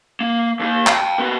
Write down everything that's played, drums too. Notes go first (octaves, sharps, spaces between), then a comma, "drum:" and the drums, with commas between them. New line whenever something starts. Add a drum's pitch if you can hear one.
A#3
D#2 A#3
F5 G5, drum: clap
A#2 B3